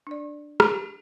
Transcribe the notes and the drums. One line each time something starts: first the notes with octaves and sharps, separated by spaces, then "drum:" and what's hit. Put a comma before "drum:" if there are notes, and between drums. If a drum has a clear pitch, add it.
D4 D5
G4, drum: rim click